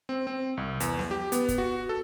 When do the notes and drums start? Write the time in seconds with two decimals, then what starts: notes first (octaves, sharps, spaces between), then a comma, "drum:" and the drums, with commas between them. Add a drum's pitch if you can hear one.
0.09 C4
0.27 C4
0.57 C2
0.80 E2, drum: hi-hat
0.99 drum: snare B3
1.11 G4
1.32 B3, drum: hi-hat
1.48 drum: kick, hi-hat
1.58 F#4
1.89 A4